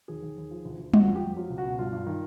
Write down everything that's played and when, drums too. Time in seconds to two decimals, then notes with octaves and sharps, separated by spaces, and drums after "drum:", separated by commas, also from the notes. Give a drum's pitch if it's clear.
0.08 D#2 G#4
0.22 D#2
0.38 D#2
0.51 F3
0.65 D2
0.79 D2
0.94 F3 F#4, drum: tom G3
1.08 F2
1.15 G4
1.22 F2
1.37 F#3 F4
1.50 C#2
1.58 F#4
1.64 B2
1.79 G2 F4
1.93 G2
2.07 D#3